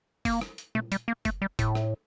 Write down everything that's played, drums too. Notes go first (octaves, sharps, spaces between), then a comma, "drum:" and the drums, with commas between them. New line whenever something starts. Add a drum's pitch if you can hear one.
A#3, drum: kick F#1, open hi-hat
drum: rim click
drum: hi-hat
A3, drum: tom A#2
G3, drum: hi-hat
A#3
A3, drum: kick F#1, hi-hat
G3
A2, drum: kick F#1, hi-hat
drum: rim click